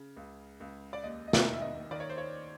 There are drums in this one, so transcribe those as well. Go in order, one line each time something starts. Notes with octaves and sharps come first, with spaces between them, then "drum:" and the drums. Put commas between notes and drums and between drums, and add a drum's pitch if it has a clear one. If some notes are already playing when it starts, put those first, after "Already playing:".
Already playing: C#3
C#2
C#2
D5
D#2 D#5
D#5
E5, drum: snare
D#3
E5
D#5
D#3 D5
C#5
C5
C#5